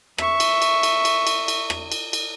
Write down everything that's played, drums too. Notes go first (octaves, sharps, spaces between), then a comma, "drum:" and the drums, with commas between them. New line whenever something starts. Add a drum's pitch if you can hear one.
E5 C#6, drum: rim click
drum: cymbal
drum: cymbal
drum: cymbal
drum: cymbal
drum: cymbal
drum: cymbal
drum: rim click
drum: cymbal
drum: cymbal